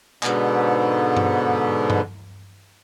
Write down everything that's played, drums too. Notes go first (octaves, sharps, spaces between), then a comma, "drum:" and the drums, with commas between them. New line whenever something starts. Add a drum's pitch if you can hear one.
G#2 B2 D3 B3, drum: clap
drum: tom G2
drum: tom G2